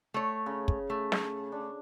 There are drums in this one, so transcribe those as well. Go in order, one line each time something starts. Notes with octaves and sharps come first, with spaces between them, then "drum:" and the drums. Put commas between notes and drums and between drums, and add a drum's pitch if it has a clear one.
A3 C#5
C#3
drum: kick
A3
drum: snare
D4